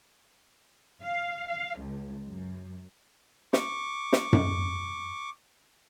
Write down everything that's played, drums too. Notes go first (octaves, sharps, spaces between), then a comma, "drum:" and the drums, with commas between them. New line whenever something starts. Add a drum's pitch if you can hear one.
F5
F5
C#2
F#2
C#6 D6, drum: snare
drum: snare
drum: tom F#2